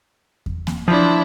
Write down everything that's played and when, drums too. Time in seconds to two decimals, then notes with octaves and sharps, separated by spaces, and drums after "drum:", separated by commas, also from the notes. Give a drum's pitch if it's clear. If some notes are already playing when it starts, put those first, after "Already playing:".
0.46 drum: kick E2
0.67 drum: snare A#3
0.88 F3 D4 E4